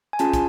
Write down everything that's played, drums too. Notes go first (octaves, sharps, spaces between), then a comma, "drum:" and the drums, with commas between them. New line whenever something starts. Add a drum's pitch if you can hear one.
G#5
C#4 F4 G#4 A5, drum: hi-hat
drum: kick, hi-hat